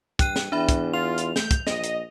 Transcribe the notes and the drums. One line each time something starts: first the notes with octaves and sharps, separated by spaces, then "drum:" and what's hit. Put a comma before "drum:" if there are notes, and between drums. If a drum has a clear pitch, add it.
G2 G5 F#6 D#7, drum: kick, hi-hat
drum: snare
E2 D4 E5 B5
drum: kick, hi-hat
F4 F7
drum: hi-hat
A3 G6, drum: snare
drum: kick, hi-hat
A#1 D#5, drum: snare
drum: hi-hat